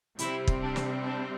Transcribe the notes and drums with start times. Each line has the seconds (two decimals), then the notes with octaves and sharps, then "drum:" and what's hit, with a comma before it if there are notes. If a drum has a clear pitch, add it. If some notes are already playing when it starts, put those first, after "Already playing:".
0.19 C3 G3 C4 E4, drum: hi-hat
0.47 drum: kick
0.62 D4
0.76 drum: snare
1.03 D4